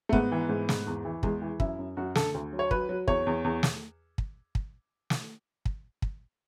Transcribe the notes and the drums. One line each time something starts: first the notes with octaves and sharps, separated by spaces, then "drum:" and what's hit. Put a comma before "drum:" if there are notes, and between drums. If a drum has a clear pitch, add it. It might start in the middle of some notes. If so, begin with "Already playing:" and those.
A3
G#2 B3, drum: kick
E3
G#2
G#2, drum: snare
E2
E3
E2 G#3, drum: kick
E3
F#2 E4, drum: kick
F#2
F#2 F#4
D3 A4, drum: snare
D2
F#3
C#5
F#3 B4, drum: kick
F#3
E2 C#5, drum: kick
E2
E2
drum: snare
drum: kick
drum: kick
drum: snare
drum: kick
drum: kick